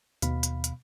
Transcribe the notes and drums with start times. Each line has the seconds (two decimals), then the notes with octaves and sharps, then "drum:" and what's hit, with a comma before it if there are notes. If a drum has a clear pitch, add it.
0.22 D#2 B2 F5 B5, drum: hi-hat
0.43 drum: hi-hat
0.64 drum: hi-hat